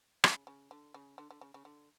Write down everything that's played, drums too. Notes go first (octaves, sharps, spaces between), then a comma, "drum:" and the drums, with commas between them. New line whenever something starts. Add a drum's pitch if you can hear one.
C#3, drum: rim click
C#3
D3
C#3
D3
D3
C#3
C#3
D3